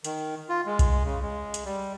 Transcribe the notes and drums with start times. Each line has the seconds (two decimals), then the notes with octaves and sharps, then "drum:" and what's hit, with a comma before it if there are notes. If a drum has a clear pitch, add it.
0.04 D#3, drum: hi-hat
0.49 F4
0.66 G#3
0.79 drum: kick B1, hi-hat
1.05 C#3
1.22 G#3
1.54 drum: hi-hat
1.65 G3